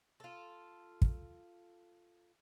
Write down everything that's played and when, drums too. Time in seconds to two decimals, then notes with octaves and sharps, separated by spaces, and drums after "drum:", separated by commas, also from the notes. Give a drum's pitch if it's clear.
0.20 F4 A4
1.02 drum: kick